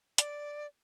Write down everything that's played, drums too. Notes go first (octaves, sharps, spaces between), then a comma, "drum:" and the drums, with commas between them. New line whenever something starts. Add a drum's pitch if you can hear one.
D5, drum: hi-hat